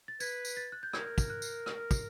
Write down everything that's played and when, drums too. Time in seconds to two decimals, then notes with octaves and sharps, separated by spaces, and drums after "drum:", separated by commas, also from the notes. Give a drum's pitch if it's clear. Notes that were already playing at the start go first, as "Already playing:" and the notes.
0.08 A6
0.20 B4 G#6, drum: tambourine
0.45 drum: tambourine
0.57 A6
0.72 F#6
0.83 G6
0.93 A#4 G#6, drum: rim click
1.18 drum: kick, tambourine
1.30 F#6
1.42 drum: tambourine
1.66 F6, drum: rim click
1.91 drum: kick, tambourine